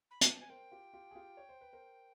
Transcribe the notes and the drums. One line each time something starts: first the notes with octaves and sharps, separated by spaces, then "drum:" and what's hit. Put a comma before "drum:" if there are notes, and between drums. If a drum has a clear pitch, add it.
B5
A#5, drum: hi-hat
A5
G#5
A#4 C5 G5
F4 G4
F4 G4
G#4
F4 G4
C#5
C5
B4
A#4 C5